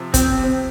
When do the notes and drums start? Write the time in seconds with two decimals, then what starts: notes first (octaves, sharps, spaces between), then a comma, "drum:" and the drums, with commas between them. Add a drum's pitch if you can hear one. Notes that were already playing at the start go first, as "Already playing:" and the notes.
Already playing: C3 F3
0.14 F3 C4, drum: kick, hi-hat
0.37 C3